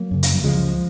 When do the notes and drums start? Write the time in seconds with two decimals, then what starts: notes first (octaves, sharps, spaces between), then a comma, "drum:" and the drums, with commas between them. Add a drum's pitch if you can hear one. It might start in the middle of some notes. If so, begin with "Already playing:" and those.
Already playing: F#3 A#3
0.11 F#2 C#3
0.23 drum: hi-hat
0.34 F#3
0.43 C#2 C#3 F3 G#3